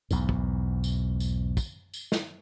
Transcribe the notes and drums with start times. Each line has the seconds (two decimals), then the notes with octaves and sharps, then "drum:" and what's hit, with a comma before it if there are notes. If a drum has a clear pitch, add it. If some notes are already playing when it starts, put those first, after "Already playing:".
0.11 B1 E2 G#2, drum: tambourine
0.29 drum: kick
0.84 drum: tambourine
1.20 drum: tambourine
1.57 drum: kick, tambourine
1.94 drum: tambourine
2.12 drum: snare